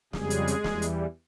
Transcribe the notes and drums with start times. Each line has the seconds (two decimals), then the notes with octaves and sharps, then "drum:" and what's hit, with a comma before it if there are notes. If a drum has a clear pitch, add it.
0.13 F2 C#3 G3 G#3 G#4, drum: snare
0.30 drum: hi-hat
0.47 drum: hi-hat
0.64 E2 E3 G3, drum: snare
0.82 drum: hi-hat